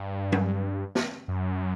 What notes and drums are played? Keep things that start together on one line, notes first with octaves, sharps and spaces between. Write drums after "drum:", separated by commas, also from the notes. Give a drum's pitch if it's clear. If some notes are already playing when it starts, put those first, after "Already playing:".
Already playing: G2
drum: tom F#3
drum: snare
F#2